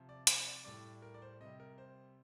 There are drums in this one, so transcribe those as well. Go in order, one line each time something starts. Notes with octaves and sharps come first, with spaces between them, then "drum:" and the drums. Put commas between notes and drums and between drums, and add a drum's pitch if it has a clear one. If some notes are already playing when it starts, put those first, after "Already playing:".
Already playing: C3 F3
D5
C5, drum: hi-hat
D5
A2 G3 D5
A#4
D5
C5
C3 G3 D#5
A#4
C5